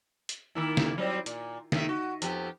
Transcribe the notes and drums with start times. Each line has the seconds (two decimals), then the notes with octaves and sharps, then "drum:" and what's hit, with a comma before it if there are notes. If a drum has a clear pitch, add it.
0.29 drum: hi-hat
0.55 D#3 A#3 E4
0.77 drum: snare
0.98 F#3 G3 C4
1.26 A#2, drum: hi-hat
1.72 D#3 E4 E5, drum: snare
1.89 F#4
2.22 F2 B3 G4, drum: hi-hat